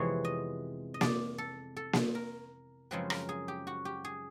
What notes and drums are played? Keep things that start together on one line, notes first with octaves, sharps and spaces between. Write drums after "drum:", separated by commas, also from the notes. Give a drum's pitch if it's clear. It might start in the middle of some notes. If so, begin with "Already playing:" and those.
Already playing: F2 C3 E3 G#3 B3 C#5
D#5
D#5
D5, drum: snare A#3
A4
A4
drum: snare A#3
A#4
F#2 C#3 F3 G#3 C4 B4
A#4, drum: rim click
G#4
G4
F#4
G4
G#4